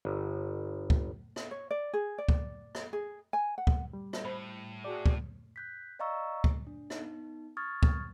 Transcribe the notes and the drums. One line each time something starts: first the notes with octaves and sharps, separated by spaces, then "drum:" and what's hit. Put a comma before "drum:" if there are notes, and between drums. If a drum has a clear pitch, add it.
G1
drum: kick
drum: rim click
C#5
D5
G#4
D5
drum: kick
drum: rim click
G#4
G#5
F#5
drum: kick
G3
drum: rim click
A2 C5 B5
F#4 G#4 D5 A5
drum: kick
F#6 G6 B6
D5 D#5 F5 A#5 C#6 E6
drum: kick
D4
B3 D#4, drum: rim click
C#6 D#6 F6 G#6 A6
drum: kick